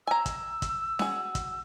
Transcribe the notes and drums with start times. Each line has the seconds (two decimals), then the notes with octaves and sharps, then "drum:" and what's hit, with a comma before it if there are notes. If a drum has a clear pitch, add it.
0.07 G#5 A#5 E6
0.26 drum: kick, hi-hat
0.62 drum: kick, hi-hat
0.99 F#4 G#4, drum: snare C#4
1.35 drum: kick, hi-hat